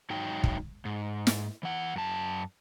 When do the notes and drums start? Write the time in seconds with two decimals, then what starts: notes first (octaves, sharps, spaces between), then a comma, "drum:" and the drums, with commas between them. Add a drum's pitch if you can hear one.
0.10 G#2 F#3 D#4 G5
0.44 drum: kick
0.85 G#2
1.27 drum: snare
1.63 E3 F#5
1.96 F#2 A5